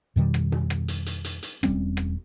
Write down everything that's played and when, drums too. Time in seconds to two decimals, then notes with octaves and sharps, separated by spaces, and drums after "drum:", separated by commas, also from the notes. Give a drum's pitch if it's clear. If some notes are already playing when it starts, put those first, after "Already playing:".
0.16 F2 B2 D#3 G3
0.34 drum: rim click
0.52 drum: tom B2
0.70 drum: rim click
0.88 drum: hi-hat
1.06 drum: hi-hat
1.25 drum: hi-hat
1.43 drum: hi-hat
1.63 E1 G3 C4 C#4, drum: rim click
1.97 drum: rim click